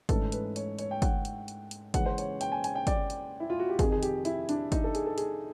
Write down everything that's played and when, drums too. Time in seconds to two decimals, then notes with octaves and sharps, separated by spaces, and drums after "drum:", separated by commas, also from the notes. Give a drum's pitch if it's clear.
0.09 G#2 E3 A3 C#4 A4, drum: kick, hi-hat
0.32 B4, drum: hi-hat
0.56 C#5, drum: hi-hat
0.79 C#5, drum: hi-hat
0.91 G5
1.02 F#5, drum: kick, hi-hat
1.25 drum: hi-hat
1.48 drum: hi-hat
1.71 drum: hi-hat
1.94 C#3 E3 G#3 C#4 F#5, drum: kick, hi-hat
2.06 C5
2.18 C#5, drum: hi-hat
2.41 G5, drum: hi-hat
2.52 G#5
2.64 G#5, drum: hi-hat
2.75 G5
2.87 D5, drum: kick, hi-hat
3.10 drum: hi-hat
3.40 E4
3.50 F4
3.60 F#4
3.69 G4
3.79 F2 C3 D#3 G#4, drum: kick, hi-hat
3.92 G#4
4.03 G4, drum: hi-hat
4.25 E4, drum: hi-hat
4.49 D4, drum: hi-hat
4.72 D#4, drum: kick, hi-hat
4.84 A4
4.95 G#4, drum: hi-hat
5.06 A4
5.18 G#4, drum: hi-hat